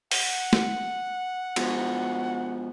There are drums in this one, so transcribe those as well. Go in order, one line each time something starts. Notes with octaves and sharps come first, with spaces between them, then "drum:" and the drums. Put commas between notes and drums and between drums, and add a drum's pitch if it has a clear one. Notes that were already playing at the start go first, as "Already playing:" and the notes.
F#5, drum: open hi-hat
drum: snare
B2 F3 G#3, drum: cymbal